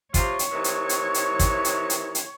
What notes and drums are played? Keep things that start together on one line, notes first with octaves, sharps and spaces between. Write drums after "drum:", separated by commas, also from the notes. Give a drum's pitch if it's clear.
C3 F4 C#5, drum: kick, hi-hat
drum: hi-hat
C3 D#3 E3
drum: hi-hat
drum: hi-hat
drum: hi-hat
drum: kick, hi-hat
drum: hi-hat
drum: hi-hat
drum: hi-hat